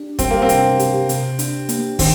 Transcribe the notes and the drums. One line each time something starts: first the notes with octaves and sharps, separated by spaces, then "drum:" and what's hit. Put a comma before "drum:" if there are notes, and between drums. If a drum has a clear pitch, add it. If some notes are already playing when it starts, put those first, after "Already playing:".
Already playing: D4 G4
G3 C4, drum: kick, hi-hat
A#3
C4
C3, drum: hi-hat
G4, drum: hi-hat
C3, drum: hi-hat
D4, drum: hi-hat
A#3, drum: hi-hat
D#3 C4, drum: kick, open hi-hat